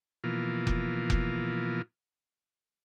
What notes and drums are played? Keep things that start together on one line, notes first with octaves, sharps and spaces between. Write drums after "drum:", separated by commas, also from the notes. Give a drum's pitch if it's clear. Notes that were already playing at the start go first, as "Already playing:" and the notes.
B2 E3 F3 A#3 F4
drum: kick F1
drum: kick F1